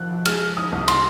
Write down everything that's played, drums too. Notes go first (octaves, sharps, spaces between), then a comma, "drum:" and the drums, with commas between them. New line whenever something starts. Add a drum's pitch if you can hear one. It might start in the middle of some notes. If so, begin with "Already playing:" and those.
Already playing: G#1 F3 F#6
G#3 F6, drum: cymbal
D#6
C2
C6, drum: cymbal